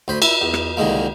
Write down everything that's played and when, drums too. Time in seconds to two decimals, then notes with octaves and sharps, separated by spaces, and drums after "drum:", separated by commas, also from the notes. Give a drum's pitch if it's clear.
0.08 D2 C5 B5
0.22 E4, drum: cymbal
0.41 E2
0.54 drum: rim click
0.77 C2 D3 D#3 G#3 A#3